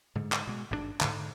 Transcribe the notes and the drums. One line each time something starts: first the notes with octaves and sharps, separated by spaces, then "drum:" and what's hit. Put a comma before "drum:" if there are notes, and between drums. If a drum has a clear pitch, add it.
G#2 D3
drum: clap
B2 G#3
G#1 G2 B2 D4
G#2 D3, drum: clap